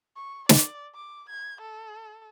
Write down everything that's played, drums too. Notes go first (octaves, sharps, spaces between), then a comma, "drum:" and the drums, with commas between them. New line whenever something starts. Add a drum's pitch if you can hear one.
C#6
D5, drum: snare
D6
G#6
A4